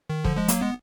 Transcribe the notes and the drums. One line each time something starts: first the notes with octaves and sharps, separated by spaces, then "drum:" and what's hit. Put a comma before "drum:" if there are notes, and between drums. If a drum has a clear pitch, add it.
D#3
D3 F3, drum: kick
F3 G#3
F#3 A#3, drum: hi-hat
G#3 B3